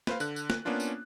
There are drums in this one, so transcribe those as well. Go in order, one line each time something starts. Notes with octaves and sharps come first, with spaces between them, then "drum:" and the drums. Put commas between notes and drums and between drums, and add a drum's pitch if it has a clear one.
B4 C5 F5, drum: snare
D3 F#6, drum: tambourine
drum: tambourine
F#6, drum: snare
A#3 B3 C#4 D4 F4
drum: tambourine